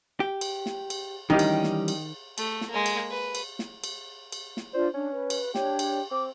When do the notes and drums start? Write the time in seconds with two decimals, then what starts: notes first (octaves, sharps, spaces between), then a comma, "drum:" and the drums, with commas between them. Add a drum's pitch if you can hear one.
0.20 G4
0.41 drum: cymbal
0.66 drum: snare
0.90 drum: cymbal
1.30 D#3 E3 G3 C#4 D#4 G4
1.39 drum: cymbal
1.64 drum: snare
1.88 drum: cymbal
2.38 A3, drum: cymbal
2.61 drum: snare
2.70 G#3 A#3
2.86 drum: cymbal
3.11 B4
3.35 drum: cymbal
3.59 drum: snare
3.84 drum: cymbal
4.32 drum: cymbal
4.57 drum: snare
4.74 D4 F4 C5 D5
4.94 C#4 D4
5.11 B4
5.30 drum: cymbal
5.55 D4 G4 C#5, drum: snare
5.79 drum: cymbal
6.11 C4 D6